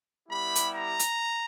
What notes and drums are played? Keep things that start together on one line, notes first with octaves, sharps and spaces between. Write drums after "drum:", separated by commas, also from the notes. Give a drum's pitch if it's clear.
G3 B3 E4 G4 B5
drum: hi-hat
A#5
drum: hi-hat